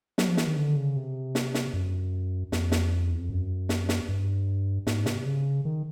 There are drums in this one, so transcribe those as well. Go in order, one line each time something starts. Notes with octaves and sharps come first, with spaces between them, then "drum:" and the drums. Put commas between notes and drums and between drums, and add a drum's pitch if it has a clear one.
F#3, drum: snare
F3
E3, drum: snare
D#3
D3
C#3
C3
drum: snare
drum: snare
F#2
F2, drum: snare
drum: snare
E2
F2
F#2
drum: snare
drum: snare
G2
G#2, drum: snare
C3, drum: snare
C#3
D#3